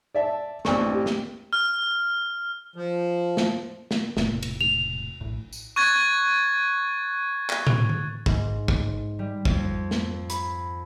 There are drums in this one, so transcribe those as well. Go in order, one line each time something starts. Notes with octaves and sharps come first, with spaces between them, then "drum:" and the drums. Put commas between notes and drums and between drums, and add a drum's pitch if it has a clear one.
D5 E5 A5
A1 C4 D4 C#6, drum: snare
G4
drum: snare
F6
F3
drum: snare
drum: snare
E1 A2 C3, drum: snare
drum: cymbal
F7
A#1 A2
drum: tambourine
C#6 F#6 G#6 A6
drum: clap
drum: tom
drum: tom D3
G#2, drum: kick
drum: kick
G3
F2, drum: kick
drum: snare
B5, drum: hi-hat